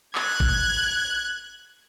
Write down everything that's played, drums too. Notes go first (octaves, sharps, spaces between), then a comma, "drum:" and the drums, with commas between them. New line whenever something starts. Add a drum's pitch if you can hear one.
F#6 G#6, drum: clap
drum: kick A1